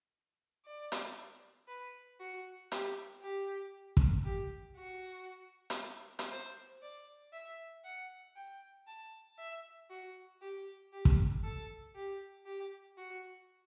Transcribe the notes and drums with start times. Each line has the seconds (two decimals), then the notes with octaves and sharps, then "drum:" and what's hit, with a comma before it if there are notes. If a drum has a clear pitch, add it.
0.66 D5
0.92 drum: hi-hat
1.68 B4
2.20 F#4
2.72 G4, drum: hi-hat
3.22 G4
3.97 drum: kick
4.25 G4
4.77 F#4
5.70 drum: hi-hat
6.19 drum: hi-hat
6.31 C5
6.82 D5
7.33 E5
7.85 F#5
8.36 G5
8.87 A5
9.38 E5
9.90 F#4
10.42 G4
10.93 G4
11.05 drum: kick
11.44 A4
11.95 G4
12.46 G4
12.98 F#4